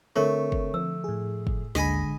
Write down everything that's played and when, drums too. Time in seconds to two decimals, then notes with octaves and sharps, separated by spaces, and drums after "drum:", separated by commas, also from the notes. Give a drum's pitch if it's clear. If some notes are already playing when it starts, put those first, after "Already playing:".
0.16 D3 A3 C4 A#4 C#5 C#6
0.52 drum: kick
0.74 F3 E6
1.04 A2 G#4
1.47 drum: kick
1.75 A1 D#2 D3 G#3 D#5 G#5 B5, drum: snare